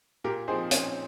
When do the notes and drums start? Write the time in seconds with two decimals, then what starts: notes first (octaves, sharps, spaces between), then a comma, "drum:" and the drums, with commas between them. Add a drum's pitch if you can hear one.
0.24 A#2 G4 A#4
0.48 F3 C4 D#4 G#4 C5
0.71 A#2 C#4, drum: hi-hat